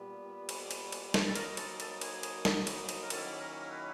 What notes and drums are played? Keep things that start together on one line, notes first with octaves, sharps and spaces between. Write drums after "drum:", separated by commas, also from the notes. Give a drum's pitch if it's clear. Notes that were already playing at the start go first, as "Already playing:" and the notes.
Already playing: A#2 G3 B3
drum: cymbal
drum: cymbal
drum: cymbal
drum: snare
A4
F#3 A#3 D#4 A#4, drum: cymbal
A4, drum: cymbal
A4, drum: cymbal
G#4, drum: cymbal
drum: cymbal
drum: snare
drum: cymbal
drum: cymbal
A#4
D#3 F#3 A#3 C#4 E4 A4, drum: cymbal
A#4
A#4
B4